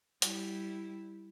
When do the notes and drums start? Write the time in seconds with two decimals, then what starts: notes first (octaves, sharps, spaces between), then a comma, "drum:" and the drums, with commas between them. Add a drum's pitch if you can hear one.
0.22 G3 E4, drum: hi-hat